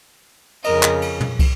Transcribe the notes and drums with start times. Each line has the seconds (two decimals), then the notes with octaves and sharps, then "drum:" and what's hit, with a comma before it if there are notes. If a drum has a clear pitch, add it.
0.64 F2 C#3 A#4 D#5, drum: cymbal
0.83 drum: clap
1.02 drum: cymbal
1.21 drum: tom
1.39 drum: kick, cymbal